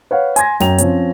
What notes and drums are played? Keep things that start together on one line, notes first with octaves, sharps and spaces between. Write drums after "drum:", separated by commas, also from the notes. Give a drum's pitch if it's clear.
B4 C#5 F5 F#5
G#5 C6 G#6 A#6, drum: hi-hat
F#2 G5 A#5 F7, drum: snare
F3 C4 C#4, drum: hi-hat